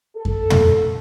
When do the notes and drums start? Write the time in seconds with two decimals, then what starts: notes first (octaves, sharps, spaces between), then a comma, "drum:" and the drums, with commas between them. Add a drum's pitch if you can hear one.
0.16 A4
0.25 drum: kick F#2
0.50 drum: tom